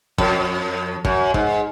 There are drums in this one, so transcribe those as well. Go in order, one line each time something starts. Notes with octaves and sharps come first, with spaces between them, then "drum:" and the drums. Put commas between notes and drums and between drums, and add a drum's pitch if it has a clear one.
F2, drum: kick
F#2, drum: kick
G#2, drum: kick